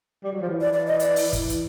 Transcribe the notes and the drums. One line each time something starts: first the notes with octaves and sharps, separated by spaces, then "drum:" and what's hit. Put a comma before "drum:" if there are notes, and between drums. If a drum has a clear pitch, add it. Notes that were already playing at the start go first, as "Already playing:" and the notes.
G3
F#3
F3
E3
D5
D5
D#5
D5, drum: hi-hat
drum: open hi-hat
drum: kick, hi-hat
drum: hi-hat